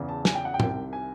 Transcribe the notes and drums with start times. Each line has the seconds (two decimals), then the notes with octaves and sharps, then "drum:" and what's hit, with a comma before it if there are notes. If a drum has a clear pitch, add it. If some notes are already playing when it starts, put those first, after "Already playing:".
Already playing: E2 C#3 E3
0.09 A5
0.25 G#5, drum: snare
0.35 G5
0.45 F#5
0.54 G5
0.60 C2 C3 D#3, drum: tom
0.93 G#5